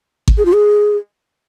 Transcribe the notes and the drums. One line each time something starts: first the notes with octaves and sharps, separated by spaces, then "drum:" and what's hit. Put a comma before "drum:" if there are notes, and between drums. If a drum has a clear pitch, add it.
drum: kick G#1
G#4
F4
G#4